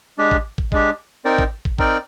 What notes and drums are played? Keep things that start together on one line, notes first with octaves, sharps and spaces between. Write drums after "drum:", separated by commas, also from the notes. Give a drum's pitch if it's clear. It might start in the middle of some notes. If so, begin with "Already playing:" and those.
G#3 D4 G4
drum: kick
drum: kick
G#3 D4 G4, drum: kick
C4 D#4 A#4 D5 G5
drum: kick
drum: kick
C4 D#4 A#4 D5 G5, drum: kick